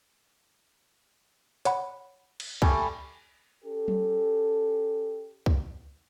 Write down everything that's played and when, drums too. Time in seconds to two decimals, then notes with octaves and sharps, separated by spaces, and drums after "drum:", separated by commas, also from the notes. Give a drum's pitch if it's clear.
1.65 C#5 F#5 B5, drum: hi-hat
2.40 drum: cymbal
2.62 G3 A3 G#5, drum: kick C2
3.64 C#4 G4 A4
3.88 drum: tom F#3
5.46 drum: kick C2